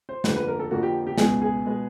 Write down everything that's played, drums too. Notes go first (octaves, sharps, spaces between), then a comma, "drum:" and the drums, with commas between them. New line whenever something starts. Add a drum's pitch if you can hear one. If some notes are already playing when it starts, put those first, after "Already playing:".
C5
F2 D3 F3 A#3 B4, drum: snare
B4
A#4
A4
F2 D3 F3 A#3 F#4
G4
G4
C#2 B2 G#3 B3 G#4, drum: snare
G#4
B2 G#3 B3